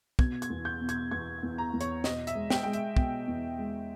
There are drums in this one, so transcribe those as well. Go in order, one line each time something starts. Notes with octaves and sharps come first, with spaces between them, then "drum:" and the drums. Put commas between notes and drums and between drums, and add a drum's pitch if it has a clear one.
B2 G#6, drum: kick
G#6, drum: hi-hat
E2
G6
B2
G#6, drum: hi-hat
E2 G#6
E2
A#5
E2
C#5, drum: hi-hat
B2 D#5, drum: snare
E5, drum: hi-hat
G#3
G5, drum: snare
G#3 G5
E5, drum: hi-hat
B2, drum: kick
E2
G#3